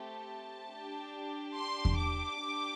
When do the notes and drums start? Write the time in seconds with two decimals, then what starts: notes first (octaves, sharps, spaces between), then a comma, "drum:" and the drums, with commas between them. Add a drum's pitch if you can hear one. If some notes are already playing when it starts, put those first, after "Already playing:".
Already playing: A3 C4 G4 A5
0.73 D4 G4
1.56 C6
1.85 drum: kick E2
1.99 D6
2.41 D4 G4